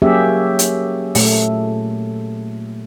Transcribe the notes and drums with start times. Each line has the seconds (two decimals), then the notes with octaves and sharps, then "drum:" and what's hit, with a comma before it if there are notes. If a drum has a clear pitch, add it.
0.02 F#3 A#3 C#4 G4 G#4 E5
0.59 drum: hi-hat
1.15 A#2 A3, drum: open hi-hat